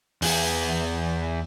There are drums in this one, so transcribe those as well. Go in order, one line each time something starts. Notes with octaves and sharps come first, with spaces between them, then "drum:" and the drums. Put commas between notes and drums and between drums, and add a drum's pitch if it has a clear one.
E2 G#4, drum: open hi-hat